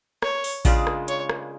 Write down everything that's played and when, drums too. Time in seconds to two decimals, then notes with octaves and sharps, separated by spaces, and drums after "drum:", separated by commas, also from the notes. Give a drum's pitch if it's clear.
0.22 C#5, drum: rim click
0.44 drum: open hi-hat
0.65 C#3 G#3 D4 F4, drum: kick A1, open hi-hat
0.87 drum: rim click
1.08 C#5, drum: hi-hat
1.29 drum: rim click